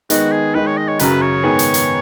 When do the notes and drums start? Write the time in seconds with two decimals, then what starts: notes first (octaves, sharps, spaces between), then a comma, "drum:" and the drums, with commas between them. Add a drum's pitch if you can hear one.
0.10 D#3 G#3 B3 D#4 F#4, drum: hi-hat
0.32 G#4
0.55 D#3 G#3 D#4 B4
0.66 C#5
0.77 D#5
0.88 C#5
0.99 F#2 C#3 F#3 B4, drum: hi-hat
1.21 C#5
1.43 G#2 D#3 B3 G#4
1.59 drum: hi-hat
1.74 drum: hi-hat